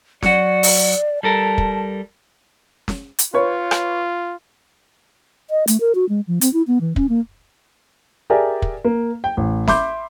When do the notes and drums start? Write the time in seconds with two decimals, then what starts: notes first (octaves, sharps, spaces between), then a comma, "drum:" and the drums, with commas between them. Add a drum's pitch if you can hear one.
0.23 F#3 F#4 D5, drum: snare
0.63 drum: open hi-hat
1.23 G3 A4 A#4 A5
1.58 drum: kick
2.88 drum: snare
3.19 drum: hi-hat
3.34 F4 B4 C#5
3.71 drum: rim click
5.50 D#5
5.67 A3, drum: hi-hat
5.80 A#4
5.95 F#4
6.09 G#3
6.27 F3
6.41 C4, drum: hi-hat
6.53 E4
6.67 B3
6.81 E3
6.96 C#4, drum: kick
7.09 A#3
8.30 G4 G#4 A#4 D5 E5 G#5
8.62 drum: kick
8.85 A#3
9.24 G5
9.37 A1
9.67 E5 B5 C6 D6 G6, drum: snare